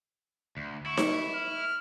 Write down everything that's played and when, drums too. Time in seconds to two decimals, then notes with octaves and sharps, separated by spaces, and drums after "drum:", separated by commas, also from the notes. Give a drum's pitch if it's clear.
0.57 D2
0.86 E4 C#6
0.97 drum: snare D#4
1.35 F6